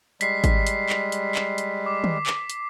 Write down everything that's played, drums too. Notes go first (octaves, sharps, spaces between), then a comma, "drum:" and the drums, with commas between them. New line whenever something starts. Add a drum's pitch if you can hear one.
G3 G#3 B6 C7, drum: hi-hat
drum: kick G#1, hi-hat
drum: hi-hat
drum: clap
drum: hi-hat
drum: clap
drum: hi-hat
D6
drum: tom
drum: clap
drum: hi-hat